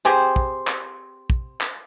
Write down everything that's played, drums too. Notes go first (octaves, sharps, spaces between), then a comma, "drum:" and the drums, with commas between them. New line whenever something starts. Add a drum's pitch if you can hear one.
C4 G4 G#4 C5
drum: kick
drum: clap
drum: kick
drum: clap